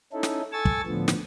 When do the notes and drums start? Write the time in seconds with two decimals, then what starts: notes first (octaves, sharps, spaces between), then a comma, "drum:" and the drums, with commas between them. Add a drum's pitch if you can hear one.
0.13 C#4 D#4 E4 A4
0.23 drum: snare
0.52 A4 G#5 C#6 E6 A6
0.65 drum: kick
0.87 A2 D3 F3 B3
1.08 drum: snare